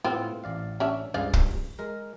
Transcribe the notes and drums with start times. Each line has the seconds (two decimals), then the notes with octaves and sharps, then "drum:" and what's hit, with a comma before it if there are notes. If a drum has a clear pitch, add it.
0.04 A2 B3 C4 F4
0.44 A1 D5 F5
0.80 C#4 D4 E5
1.14 C#2 G2 G#4 C5 D5 F5
1.33 drum: kick
1.79 G#3 A#4